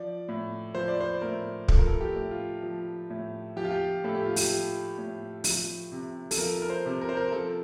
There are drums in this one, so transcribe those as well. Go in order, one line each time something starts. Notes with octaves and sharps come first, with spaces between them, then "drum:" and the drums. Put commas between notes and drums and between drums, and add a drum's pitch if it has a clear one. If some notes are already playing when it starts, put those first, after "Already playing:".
Already playing: F3 D5
A2
F3 C5
D5
C5
A2 A#4
F3 A4, drum: kick
A#4
A4
G4
A2
F4
F3
A2
F3 G4
F4
G4
A2 A4
G4
F4
G4, drum: open hi-hat
F3
A2
F3, drum: open hi-hat
C3
A4, drum: open hi-hat
F3 A#4
A#4
C5
C3
A#4
C5
A#4
F3 A4